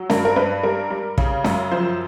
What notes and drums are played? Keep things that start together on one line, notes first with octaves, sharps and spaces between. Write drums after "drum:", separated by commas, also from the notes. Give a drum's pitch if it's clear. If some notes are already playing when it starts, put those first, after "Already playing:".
Already playing: F#3
G2 A#4, drum: snare C#4
A#4
G2 B4
G3 A#4
G3
C#3, drum: kick
F#2, drum: snare C#4
F3 C5